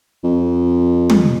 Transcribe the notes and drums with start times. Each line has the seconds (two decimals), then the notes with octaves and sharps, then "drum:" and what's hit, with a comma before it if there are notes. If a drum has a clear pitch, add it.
0.24 F2
1.10 drum: tom